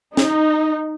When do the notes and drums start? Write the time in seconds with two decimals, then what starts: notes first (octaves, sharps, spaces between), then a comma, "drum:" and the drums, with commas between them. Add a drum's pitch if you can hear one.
0.17 D#4, drum: snare